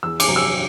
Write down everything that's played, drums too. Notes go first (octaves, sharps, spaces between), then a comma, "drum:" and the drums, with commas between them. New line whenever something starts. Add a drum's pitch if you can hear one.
E2 E6
D6, drum: cymbal
C3 F#3
E6